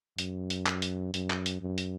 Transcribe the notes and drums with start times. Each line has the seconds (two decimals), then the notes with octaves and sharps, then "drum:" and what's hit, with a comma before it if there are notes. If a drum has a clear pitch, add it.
0.18 F#2, drum: hi-hat
0.50 drum: hi-hat
0.66 drum: clap
0.82 drum: hi-hat
1.14 F#2, drum: hi-hat
1.30 drum: clap
1.46 drum: hi-hat
1.62 F#2
1.78 drum: hi-hat